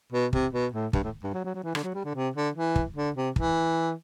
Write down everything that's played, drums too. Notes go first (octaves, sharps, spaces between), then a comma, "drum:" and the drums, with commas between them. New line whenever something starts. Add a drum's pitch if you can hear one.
B2
C3, drum: kick
B2
A2
G2, drum: kick
A2
G2
F#3
F#3
F#3
E3
D3, drum: rim click
F#3
G3
D3
C3
D3
E3
drum: kick
D3
C3
E3, drum: kick